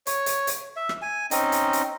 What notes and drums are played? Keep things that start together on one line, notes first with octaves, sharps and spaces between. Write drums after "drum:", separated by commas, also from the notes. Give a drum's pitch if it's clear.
C#5, drum: hi-hat
drum: hi-hat
drum: hi-hat
E5
drum: rim click
G#5
C4 C#4 D#4 D#5, drum: hi-hat
drum: hi-hat
drum: hi-hat